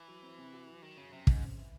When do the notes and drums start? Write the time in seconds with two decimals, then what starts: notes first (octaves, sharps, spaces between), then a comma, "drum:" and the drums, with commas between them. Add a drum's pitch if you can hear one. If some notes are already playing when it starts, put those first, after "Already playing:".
Already playing: E3
0.08 F#3
0.22 C4
0.38 C3
0.53 F#4
0.68 F#3
0.82 D#3 F#3
0.97 F#2 C#3
1.13 F#2 C3
1.27 G#2 C#3, drum: kick
1.43 C4
1.58 E3